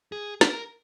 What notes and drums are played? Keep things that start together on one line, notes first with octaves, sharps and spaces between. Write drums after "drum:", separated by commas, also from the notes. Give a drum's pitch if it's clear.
G#4
A#4, drum: snare